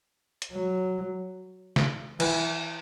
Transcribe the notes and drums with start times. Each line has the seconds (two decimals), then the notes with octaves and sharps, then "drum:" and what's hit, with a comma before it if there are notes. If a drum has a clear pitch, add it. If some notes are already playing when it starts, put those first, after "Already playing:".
0.42 drum: hi-hat
0.52 F#3
1.76 drum: snare
2.20 E3, drum: cymbal